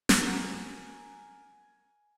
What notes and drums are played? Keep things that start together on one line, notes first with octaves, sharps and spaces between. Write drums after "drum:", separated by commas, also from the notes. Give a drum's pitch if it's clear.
drum: snare
F#4 A#4 G#5